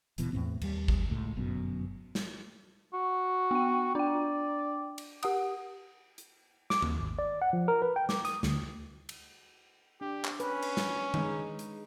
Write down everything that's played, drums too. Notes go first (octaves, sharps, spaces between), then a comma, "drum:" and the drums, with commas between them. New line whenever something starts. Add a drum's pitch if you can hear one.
D#1 D#2 B2 E3, drum: hi-hat
E2 A2 C4
D#2 G3, drum: cymbal
drum: kick G#1
C#2 A2
G1 F#2 B2
drum: snare
F#4
B3 G5
D4 D5 G5
drum: cymbal
G4 F#5 D#6, drum: cymbal
drum: hi-hat
D6, drum: snare
D#2, drum: tom D#3
G#1
D5
F#5
F3
A#4
B4
G5
D6, drum: snare
D#6, drum: hi-hat
D2, drum: snare
drum: cymbal
D4 G4
drum: clap
C#4 B4, drum: hi-hat
drum: cymbal
drum: snare
G#3 D#4, drum: tom D#3
drum: hi-hat